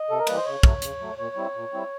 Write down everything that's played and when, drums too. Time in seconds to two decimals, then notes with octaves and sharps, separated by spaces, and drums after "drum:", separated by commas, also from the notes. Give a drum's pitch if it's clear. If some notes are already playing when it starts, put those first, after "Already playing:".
Already playing: D#5
0.10 C3 A4
0.19 A#4
0.27 E3 G3 A#3 B4, drum: cymbal
0.36 C5
0.45 C#3 C#5
0.63 F#3 A3, drum: kick
0.82 C#3, drum: hi-hat
1.00 F#3 A3
1.18 A#2 C#5
1.36 G3 C4 E4
1.55 A#2
1.73 G3 C4 E4